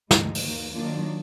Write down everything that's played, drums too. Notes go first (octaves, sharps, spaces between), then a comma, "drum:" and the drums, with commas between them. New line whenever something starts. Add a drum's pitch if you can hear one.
D2 D3 G#3 D#4, drum: snare
drum: open hi-hat
D#2 D#3 A#3
D#3 F#3 A#3 D4 F4